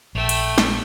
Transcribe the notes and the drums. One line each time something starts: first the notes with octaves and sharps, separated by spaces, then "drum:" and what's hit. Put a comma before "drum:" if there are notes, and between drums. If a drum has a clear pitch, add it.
A#1 A3 G5
drum: cymbal
drum: snare